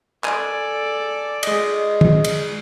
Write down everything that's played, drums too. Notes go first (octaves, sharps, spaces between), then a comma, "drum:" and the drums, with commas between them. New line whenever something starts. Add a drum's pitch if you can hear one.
A4 D5 G#5, drum: clap
G#3 D#5, drum: cymbal
drum: tom
drum: cymbal